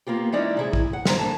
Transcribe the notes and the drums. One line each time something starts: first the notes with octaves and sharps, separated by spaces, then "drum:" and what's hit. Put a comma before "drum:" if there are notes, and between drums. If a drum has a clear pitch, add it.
A#3 B3 F4 G4
E3 G#3 C#4 D#4 E4 D5
C3 E4 G#4
drum: kick
F#5
E2 G#2 D#4 C5 A#5, drum: snare
D#2 D3 E3 A#3 A5